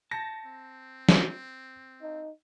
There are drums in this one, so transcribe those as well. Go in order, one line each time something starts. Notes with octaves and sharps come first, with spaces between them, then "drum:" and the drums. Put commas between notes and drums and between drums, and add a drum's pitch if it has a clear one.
A5 G6 A#6 C#7
C4
drum: snare
D#4